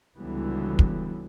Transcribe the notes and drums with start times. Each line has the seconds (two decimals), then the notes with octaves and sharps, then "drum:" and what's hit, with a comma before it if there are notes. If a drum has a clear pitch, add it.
0.17 C#2 D3 E3 F#3 G3 B3
0.79 drum: kick